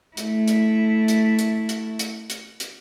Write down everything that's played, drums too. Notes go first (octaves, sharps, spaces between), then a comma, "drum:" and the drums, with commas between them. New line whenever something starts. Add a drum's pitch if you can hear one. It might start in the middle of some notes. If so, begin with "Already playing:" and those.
A3 E4, drum: hi-hat
drum: hi-hat
drum: hi-hat
drum: hi-hat
drum: hi-hat
drum: hi-hat
drum: hi-hat
drum: hi-hat